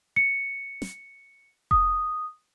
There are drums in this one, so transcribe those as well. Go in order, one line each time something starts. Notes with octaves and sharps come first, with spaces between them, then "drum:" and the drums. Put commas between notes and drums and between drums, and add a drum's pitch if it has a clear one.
C#7
drum: snare
D#6, drum: kick F1